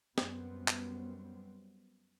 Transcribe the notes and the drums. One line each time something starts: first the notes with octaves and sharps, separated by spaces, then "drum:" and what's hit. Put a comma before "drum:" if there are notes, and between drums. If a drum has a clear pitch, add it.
F#2 G3 B3 C4, drum: snare
drum: clap